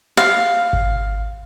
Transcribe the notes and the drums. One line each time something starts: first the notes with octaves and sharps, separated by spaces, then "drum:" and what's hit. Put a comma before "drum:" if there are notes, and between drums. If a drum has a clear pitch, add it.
F5
drum: kick G#1